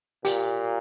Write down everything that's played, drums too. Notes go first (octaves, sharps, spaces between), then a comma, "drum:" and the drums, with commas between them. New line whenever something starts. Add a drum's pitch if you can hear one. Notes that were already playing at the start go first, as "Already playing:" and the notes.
A#2 G4, drum: hi-hat